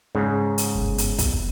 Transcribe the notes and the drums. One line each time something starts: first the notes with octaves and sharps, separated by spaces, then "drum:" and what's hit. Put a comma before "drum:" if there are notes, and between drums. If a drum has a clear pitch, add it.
G#2 C#3
drum: hi-hat
G1 B2
drum: hi-hat
B3, drum: kick, hi-hat